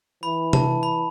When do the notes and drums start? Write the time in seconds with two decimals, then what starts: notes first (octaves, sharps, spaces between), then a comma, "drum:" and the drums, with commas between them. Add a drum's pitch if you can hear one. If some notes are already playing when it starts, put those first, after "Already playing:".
0.23 E3 B5
0.53 A5, drum: tom C3
0.83 B5